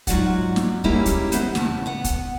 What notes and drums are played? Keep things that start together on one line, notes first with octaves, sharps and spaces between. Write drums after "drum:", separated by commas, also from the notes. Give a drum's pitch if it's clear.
G#2 F#3 F4 D5 F#5, drum: kick, hi-hat
drum: snare
G3 G#3 A#3 C#4 E4 G4, drum: kick
drum: kick, hi-hat
E3 B3 C5, drum: hi-hat
E2 C#3 A5, drum: snare
B3 F#5
drum: kick, hi-hat